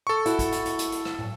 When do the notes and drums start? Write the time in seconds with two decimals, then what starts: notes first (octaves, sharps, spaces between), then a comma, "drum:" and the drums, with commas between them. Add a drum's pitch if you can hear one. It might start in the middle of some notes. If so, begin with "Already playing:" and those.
0.07 A4 C#6
0.26 E4 F#4, drum: hi-hat
0.39 drum: kick A#1, hi-hat
0.52 drum: hi-hat
0.65 drum: hi-hat
0.79 drum: hi-hat
0.92 drum: hi-hat
1.05 drum: rim click
1.19 drum: tom